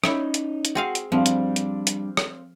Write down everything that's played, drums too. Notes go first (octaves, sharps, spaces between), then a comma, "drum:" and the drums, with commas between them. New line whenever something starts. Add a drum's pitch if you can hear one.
C#4 D#4 E4 C#5 E5, drum: rim click
drum: hi-hat
drum: hi-hat
C4 F#4 G#4 F5
drum: hi-hat
F3 G3 C4 D4 F5
drum: hi-hat
drum: hi-hat
drum: hi-hat
drum: rim click